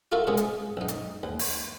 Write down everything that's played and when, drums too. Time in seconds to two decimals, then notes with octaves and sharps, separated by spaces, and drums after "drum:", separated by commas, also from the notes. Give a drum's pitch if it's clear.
0.12 F4 F#4 A4 A#4 E5 F5
0.27 C3 G#3 B3 G#4
0.37 drum: hi-hat
0.77 B1 D#4
0.88 drum: hi-hat
1.23 D#2
1.39 drum: open hi-hat